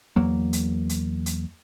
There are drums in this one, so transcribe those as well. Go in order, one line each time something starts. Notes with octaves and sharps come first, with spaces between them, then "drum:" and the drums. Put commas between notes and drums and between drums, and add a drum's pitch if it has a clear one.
E2 F#3 A#3
drum: hi-hat
drum: hi-hat
drum: hi-hat